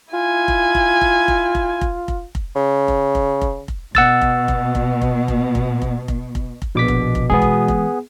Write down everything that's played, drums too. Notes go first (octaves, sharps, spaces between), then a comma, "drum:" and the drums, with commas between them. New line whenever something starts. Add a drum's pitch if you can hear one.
E4 F4 G#5
drum: kick F1
drum: kick F1
drum: kick F1
drum: kick F1
drum: kick F1
drum: kick F1
drum: kick F1
drum: kick F1
C#3
drum: kick F1
drum: kick F1
drum: kick F1
drum: kick F1
B2 F#5 E6 A6, drum: kick F1
drum: kick F1
drum: kick F1
drum: kick F1
drum: kick F1
drum: kick F1
drum: kick F1
drum: kick F1
drum: kick F1
drum: kick F1
drum: kick F1
A#1 B2 D6 B6
drum: kick F1
drum: kick F1
E3 G#3 B3 G#4
drum: kick F1
drum: kick F1